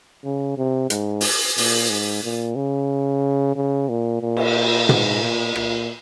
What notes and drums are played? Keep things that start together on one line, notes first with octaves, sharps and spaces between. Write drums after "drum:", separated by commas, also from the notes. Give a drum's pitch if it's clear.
C#3
C3
G#2, drum: hi-hat
drum: open hi-hat
A#2, drum: open hi-hat
G#2
A#2
C#3
C#3
A#2
A#2
drum: cymbal
G#2, drum: tom
A#2
A#2, drum: rim click